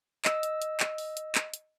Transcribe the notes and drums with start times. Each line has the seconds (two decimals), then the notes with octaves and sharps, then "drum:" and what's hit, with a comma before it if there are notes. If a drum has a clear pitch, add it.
0.25 D#5 E6, drum: clap
0.43 drum: hi-hat
0.62 drum: hi-hat
0.80 drum: clap
0.98 drum: open hi-hat
1.17 drum: hi-hat
1.35 drum: clap
1.54 drum: hi-hat